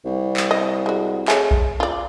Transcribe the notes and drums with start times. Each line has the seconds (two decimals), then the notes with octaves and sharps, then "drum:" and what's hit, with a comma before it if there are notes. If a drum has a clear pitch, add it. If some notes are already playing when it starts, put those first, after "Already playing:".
0.05 C2
0.37 drum: clap
0.51 D#5
0.86 G#3 F#4
1.28 G#3 A3 C#5, drum: clap
1.51 drum: kick A#1
1.80 F4 D5